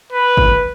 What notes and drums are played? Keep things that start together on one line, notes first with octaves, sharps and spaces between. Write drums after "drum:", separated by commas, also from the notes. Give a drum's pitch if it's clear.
B4
drum: kick G#1